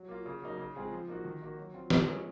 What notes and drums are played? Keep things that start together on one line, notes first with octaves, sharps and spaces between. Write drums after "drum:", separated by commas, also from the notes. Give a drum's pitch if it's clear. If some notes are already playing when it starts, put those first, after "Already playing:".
Already playing: F#3
A#3 F4
C#3
F#3 A#3 D#4
C#3
G#3 C4 F4 G#4
F3
A#3 D#4 F#4
D#3
A#3 D#4 F#4
F#3
C4 F4
F3, drum: snare
G#3 C#4